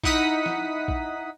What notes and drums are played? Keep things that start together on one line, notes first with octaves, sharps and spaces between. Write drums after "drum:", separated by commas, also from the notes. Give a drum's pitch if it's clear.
D#4 E4 F#5 D#6 B6, drum: kick
drum: snare
drum: kick